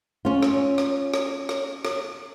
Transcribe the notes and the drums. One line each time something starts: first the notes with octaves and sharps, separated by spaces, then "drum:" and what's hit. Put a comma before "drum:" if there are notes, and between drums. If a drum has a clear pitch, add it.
C#4 F4
drum: rim click
drum: rim click
drum: rim click
drum: rim click
drum: rim click